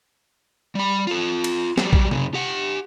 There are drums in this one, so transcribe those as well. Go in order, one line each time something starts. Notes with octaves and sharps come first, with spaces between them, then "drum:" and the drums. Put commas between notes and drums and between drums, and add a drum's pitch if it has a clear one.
G3 B5
F4 A4
drum: cymbal
F#3 G3, drum: snare
drum: kick A#1
F#2 C#3, drum: tom C3
G4 F#5